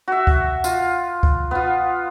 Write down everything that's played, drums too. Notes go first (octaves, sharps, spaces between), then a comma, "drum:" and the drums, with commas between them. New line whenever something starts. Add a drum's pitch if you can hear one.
F#4 E5
drum: kick C#2
F4, drum: tambourine
drum: kick C#2
B3 F4